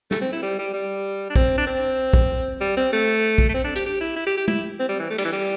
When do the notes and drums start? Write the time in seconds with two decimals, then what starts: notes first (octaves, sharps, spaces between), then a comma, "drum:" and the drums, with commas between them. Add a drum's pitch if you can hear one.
0.11 A3, drum: snare
0.21 C4
0.33 E4
0.42 G3
0.59 G3
0.73 G3
1.30 D4
1.36 C4, drum: kick
1.58 D4
1.67 C4
2.13 drum: kick
2.61 G3
2.77 C4
2.93 A3
3.38 drum: kick
3.49 A3
3.54 C4
3.64 D4
3.75 G4, drum: hi-hat
3.86 G4
4.01 E4
4.16 E4
4.27 G4
4.37 G4
4.48 E4, drum: tom G#3
4.79 C4
4.89 G3
5.00 E3
5.10 A3
5.18 G3, drum: cymbal
5.25 E3
5.33 G3